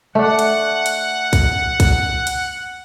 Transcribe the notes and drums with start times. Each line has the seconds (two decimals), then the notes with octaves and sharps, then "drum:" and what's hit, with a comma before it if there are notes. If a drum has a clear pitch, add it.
0.15 A3 D4 F#5
0.39 drum: hi-hat
0.86 drum: hi-hat
1.33 drum: kick B1, hi-hat
1.80 drum: kick B1, hi-hat
2.27 drum: hi-hat